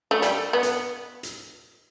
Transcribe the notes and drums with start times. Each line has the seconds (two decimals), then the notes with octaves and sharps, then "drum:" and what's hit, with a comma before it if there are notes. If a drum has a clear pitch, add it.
0.11 A3
0.22 G3, drum: hi-hat
0.53 B3
0.63 drum: hi-hat
1.23 drum: hi-hat